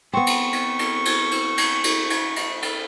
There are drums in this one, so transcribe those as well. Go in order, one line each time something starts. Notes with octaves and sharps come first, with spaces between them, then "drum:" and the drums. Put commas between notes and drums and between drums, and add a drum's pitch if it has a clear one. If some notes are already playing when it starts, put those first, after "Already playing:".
B3 C4 C#6
drum: cymbal
drum: cymbal
drum: cymbal
drum: cymbal
drum: cymbal
drum: cymbal
drum: cymbal
drum: cymbal
drum: cymbal
drum: cymbal